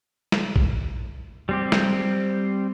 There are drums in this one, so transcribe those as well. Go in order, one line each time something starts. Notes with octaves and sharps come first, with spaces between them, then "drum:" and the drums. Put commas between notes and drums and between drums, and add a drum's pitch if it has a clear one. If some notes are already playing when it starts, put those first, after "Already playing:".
drum: snare
drum: kick A#1
G3 C4 G4
drum: snare